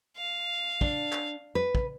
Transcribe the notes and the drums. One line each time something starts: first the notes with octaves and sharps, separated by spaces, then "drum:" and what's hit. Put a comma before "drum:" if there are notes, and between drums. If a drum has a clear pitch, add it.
F5
D4, drum: kick
drum: clap
B4
drum: kick